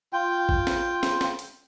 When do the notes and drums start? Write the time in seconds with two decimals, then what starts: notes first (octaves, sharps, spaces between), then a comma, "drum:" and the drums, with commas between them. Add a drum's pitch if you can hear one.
0.13 F4 G5
0.49 drum: kick A1
0.67 drum: snare
1.03 drum: snare
1.21 drum: snare
1.39 drum: hi-hat